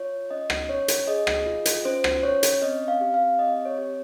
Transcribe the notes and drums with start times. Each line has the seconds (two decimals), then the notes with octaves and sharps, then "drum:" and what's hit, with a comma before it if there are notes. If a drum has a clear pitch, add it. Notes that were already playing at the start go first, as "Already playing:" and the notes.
Already playing: F4 C#5
0.31 C#4 D#5
0.50 drum: rim click
0.69 C#4 C#5
0.88 drum: hi-hat
1.07 G#4 D#5
1.27 drum: rim click
1.46 F4
1.66 drum: hi-hat
1.85 C#4 C5
2.04 drum: rim click
2.23 C#4 C#5
2.43 drum: hi-hat
2.62 C4 D#5
2.88 F5
3.01 G4
3.14 F5
3.39 C4 D#5
3.65 C#5
3.78 G4